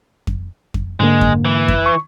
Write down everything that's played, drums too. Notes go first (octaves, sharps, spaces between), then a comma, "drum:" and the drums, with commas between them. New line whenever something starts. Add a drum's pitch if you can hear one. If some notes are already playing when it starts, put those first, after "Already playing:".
drum: kick F2
drum: kick F2
G#2 D3 G#3 A#3
drum: kick F2
E3
drum: kick F2
C#6